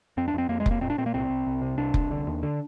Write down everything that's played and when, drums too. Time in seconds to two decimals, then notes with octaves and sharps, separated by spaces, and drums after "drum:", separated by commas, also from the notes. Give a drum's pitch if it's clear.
0.17 F2 C4
0.28 D4
0.34 F2 C4
0.49 F2 A#3
0.60 G#3
0.66 F2, drum: kick F1
0.71 A#3
0.81 A#2 C4
0.90 D4
0.98 A#2 C4
1.06 A#3
1.14 C2 C4
1.30 C2
1.46 C2
1.62 C3
1.78 C2 D4
1.94 C2, drum: kick F1
2.11 D3
2.27 D#2
2.43 D3